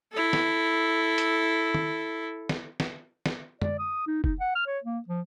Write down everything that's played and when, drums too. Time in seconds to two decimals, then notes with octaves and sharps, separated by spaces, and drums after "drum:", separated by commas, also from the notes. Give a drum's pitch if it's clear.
0.12 E4 A4
0.33 drum: snare
1.18 drum: hi-hat
1.74 drum: tom
2.49 drum: snare
2.80 drum: snare
3.26 drum: snare
3.62 D5, drum: tom F#2
3.79 D#6
4.07 D#4
4.24 D#4, drum: kick
4.40 F#5
4.55 F6
4.67 C#5
4.84 A#3
5.08 F3